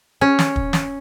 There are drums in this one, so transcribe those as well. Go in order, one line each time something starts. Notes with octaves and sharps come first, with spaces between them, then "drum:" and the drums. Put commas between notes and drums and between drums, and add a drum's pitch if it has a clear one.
C#4
drum: snare
drum: kick
drum: snare